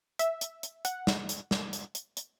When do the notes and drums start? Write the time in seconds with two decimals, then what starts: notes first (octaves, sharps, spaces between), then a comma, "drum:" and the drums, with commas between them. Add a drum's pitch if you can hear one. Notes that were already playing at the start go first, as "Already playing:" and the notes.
0.19 E5, drum: hi-hat
0.41 drum: hi-hat
0.63 drum: hi-hat
0.85 F#5, drum: hi-hat
1.07 drum: snare
1.29 drum: hi-hat
1.51 drum: snare
1.73 drum: hi-hat
1.95 drum: hi-hat
2.17 drum: hi-hat